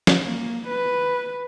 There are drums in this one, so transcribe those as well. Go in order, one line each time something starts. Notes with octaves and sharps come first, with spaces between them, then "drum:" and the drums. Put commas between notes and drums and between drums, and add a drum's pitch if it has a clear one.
drum: snare
A#3
B4